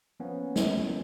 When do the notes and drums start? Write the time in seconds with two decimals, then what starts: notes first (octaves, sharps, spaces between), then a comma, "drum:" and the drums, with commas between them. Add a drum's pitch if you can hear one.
0.20 F3 A#3 B3 C#4
0.56 drum: snare